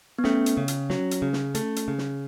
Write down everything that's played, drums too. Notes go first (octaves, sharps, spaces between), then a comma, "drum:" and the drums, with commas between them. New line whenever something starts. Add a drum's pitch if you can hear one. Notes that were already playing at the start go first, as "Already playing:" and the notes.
B3
A3 C#4, drum: snare
drum: hi-hat
C#3
drum: hi-hat
F#3, drum: snare
drum: hi-hat
C#3
drum: snare
A3, drum: hi-hat
drum: hi-hat
C#3
drum: snare